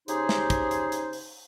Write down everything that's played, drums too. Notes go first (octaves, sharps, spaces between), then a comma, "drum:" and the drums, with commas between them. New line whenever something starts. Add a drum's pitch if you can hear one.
C#3 D#4 G4 G#4 C5, drum: hi-hat
drum: snare
drum: kick, hi-hat
drum: hi-hat
drum: hi-hat
drum: open hi-hat